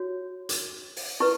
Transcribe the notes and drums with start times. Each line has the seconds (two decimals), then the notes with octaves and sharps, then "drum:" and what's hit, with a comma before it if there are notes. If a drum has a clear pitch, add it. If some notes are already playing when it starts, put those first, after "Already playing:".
Already playing: F#4 C#5
0.49 drum: hi-hat
0.96 drum: open hi-hat
1.20 E4 B4 C#6